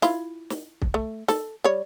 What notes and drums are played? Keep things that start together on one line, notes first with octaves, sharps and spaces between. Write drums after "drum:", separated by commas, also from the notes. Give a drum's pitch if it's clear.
E4 F4, drum: snare
drum: snare
drum: kick
A3
A4, drum: snare
G3 C#5